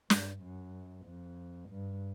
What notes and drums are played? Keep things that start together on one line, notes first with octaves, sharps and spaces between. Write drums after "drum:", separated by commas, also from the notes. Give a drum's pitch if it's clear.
G2, drum: snare
F#2
F2
G2